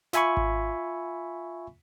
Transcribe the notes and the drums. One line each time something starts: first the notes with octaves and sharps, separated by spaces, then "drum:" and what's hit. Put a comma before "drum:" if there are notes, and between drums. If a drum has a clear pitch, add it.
F4 E5 G#5 B5 C#6, drum: snare
drum: kick G#1